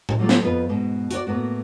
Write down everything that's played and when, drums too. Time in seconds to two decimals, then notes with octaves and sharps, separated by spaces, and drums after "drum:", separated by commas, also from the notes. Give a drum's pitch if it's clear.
0.09 drum: tom A2
0.19 F#3 G3 A3 A#3 F4 F#4
0.29 drum: snare
0.42 F2 B3 F4 B4
0.69 G#2 B2
1.11 F#4 A#4 C#5 D5, drum: hi-hat
1.27 A2 A#3 B3 F#4